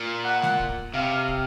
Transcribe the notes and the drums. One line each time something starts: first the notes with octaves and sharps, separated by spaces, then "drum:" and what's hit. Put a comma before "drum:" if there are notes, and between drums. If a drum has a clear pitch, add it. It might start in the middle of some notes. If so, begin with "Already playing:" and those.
Already playing: A#2
F#5
drum: snare
drum: kick
C3 F5
drum: kick